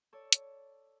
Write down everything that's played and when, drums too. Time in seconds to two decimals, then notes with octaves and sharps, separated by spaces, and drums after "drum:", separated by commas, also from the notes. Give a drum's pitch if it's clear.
0.13 A4 C#5 D5
0.33 drum: hi-hat